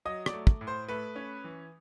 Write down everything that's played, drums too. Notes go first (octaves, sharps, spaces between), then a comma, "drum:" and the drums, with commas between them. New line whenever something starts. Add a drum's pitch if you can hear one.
F#3 D#5 D#6
D5 D6, drum: rim click
A3
drum: kick
A2
C5 C6
A3 B4 B5
C#4
E3